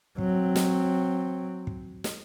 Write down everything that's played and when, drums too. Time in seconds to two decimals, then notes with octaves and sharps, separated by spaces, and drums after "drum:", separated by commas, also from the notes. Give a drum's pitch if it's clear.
0.18 F#3 C4, drum: kick
0.56 drum: snare
1.67 drum: kick
2.04 drum: snare